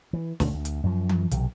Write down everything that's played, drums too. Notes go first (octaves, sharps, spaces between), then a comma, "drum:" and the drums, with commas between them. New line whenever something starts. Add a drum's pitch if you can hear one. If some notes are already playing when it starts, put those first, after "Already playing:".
E3
D2 B2 D#3, drum: snare
D2
drum: hi-hat
F#2 F3
drum: tom E3
B1 C3, drum: hi-hat